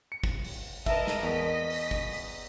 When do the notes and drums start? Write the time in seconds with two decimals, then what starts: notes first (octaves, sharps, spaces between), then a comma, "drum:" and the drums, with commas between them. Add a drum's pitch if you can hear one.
0.12 C#7
0.24 drum: kick
0.44 drum: open hi-hat
0.86 A#4 B4 D#5 E5 A5, drum: kick, hi-hat
1.07 drum: snare
1.23 E2 D#5 B6
1.70 drum: open hi-hat
1.91 drum: kick
2.12 drum: open hi-hat